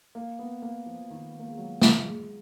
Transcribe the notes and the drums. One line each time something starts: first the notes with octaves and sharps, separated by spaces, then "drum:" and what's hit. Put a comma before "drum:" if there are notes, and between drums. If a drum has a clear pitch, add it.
A#3
B3
A#3
F3
D#3
B3
A#3
G#3
F#3
drum: snare
G#3